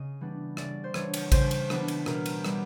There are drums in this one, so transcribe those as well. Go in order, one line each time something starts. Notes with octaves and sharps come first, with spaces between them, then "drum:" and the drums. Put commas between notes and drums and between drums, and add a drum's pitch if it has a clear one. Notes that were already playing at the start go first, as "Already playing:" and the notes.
Already playing: C#3 D#5
E3 G3 B3 D4
C#3 D5, drum: rim click
C5
E3 G3 B3 D4 C#5, drum: rim click
drum: cymbal
C#3 C5, drum: kick A1, cymbal
drum: cymbal
E3 G3 B3 D4, drum: rim click
drum: cymbal
B2 A#4, drum: rim click
drum: cymbal
G3 B3, drum: rim click